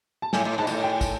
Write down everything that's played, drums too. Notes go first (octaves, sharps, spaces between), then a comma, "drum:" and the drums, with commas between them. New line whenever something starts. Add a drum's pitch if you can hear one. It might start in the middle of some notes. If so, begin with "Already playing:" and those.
A5
A2 G#5, drum: snare
A2
G#2 A5
A#2, drum: tambourine
A2
G5
drum: kick, tambourine